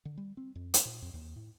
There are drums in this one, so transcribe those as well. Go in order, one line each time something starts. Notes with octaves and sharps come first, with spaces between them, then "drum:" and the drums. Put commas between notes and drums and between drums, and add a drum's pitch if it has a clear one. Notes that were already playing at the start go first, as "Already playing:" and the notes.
D3
G3
C4
F2
drum: hi-hat
A#2
F2
D#2
A2